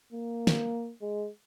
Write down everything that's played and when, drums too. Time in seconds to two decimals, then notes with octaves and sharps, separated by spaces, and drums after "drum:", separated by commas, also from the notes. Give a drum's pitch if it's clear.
0.12 A#3
0.47 drum: snare
1.02 G#3